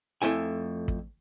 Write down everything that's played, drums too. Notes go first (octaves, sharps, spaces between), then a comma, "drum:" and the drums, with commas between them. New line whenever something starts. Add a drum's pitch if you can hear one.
F2 A3 E4 G#5
drum: kick